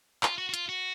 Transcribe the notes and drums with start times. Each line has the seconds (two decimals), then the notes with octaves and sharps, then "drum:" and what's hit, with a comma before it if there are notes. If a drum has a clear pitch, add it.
0.23 F4, drum: clap
0.38 F#4
0.49 F#4
0.54 F4, drum: hi-hat
0.69 F#4